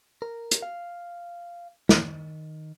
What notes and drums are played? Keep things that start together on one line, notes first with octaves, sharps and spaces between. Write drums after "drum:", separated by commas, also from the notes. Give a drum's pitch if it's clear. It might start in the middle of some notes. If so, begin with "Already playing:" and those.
A#4
drum: hi-hat
F5
D#3, drum: snare